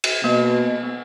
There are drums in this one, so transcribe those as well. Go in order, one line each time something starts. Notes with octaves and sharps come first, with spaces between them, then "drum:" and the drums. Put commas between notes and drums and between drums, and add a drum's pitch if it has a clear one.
drum: cymbal
B2 A#3
B3